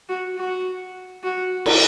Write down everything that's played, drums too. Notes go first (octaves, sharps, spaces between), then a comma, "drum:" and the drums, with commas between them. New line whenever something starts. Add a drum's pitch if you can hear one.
F#4
F#4
F#4
drum: cymbal